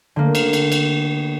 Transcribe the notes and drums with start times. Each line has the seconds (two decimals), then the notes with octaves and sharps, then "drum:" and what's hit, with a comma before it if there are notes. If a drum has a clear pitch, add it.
0.16 D3 A3 A#3
0.35 drum: cymbal
0.53 drum: cymbal
0.72 drum: cymbal